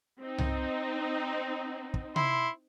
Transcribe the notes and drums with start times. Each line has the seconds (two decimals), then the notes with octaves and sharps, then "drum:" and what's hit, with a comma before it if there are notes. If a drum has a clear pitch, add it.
0.21 C4 D#4
0.38 drum: tom C2
1.94 drum: kick
2.16 E4 C6, drum: tom C3